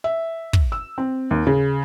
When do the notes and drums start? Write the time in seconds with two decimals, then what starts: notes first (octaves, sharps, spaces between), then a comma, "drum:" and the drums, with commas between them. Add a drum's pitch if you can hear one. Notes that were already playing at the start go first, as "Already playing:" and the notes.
0.04 E5
0.53 drum: kick
0.72 E6
0.98 C4
1.31 D#2
1.47 C#3